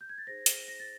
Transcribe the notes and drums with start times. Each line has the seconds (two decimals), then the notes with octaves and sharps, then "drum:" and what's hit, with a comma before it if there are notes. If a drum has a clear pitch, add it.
0.01 G6
0.09 G#6
0.18 A6
0.27 D#4 G#4 C5 A#6
0.46 drum: hi-hat
0.68 A#6
0.80 A6